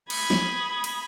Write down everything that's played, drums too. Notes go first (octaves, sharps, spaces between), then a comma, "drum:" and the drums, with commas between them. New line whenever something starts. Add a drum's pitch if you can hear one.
B5 D#6 G#6, drum: cymbal
drum: snare
drum: cymbal